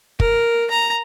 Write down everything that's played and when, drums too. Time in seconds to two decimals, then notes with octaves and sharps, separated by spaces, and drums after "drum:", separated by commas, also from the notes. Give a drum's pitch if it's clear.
0.20 A#4, drum: kick
0.71 A#5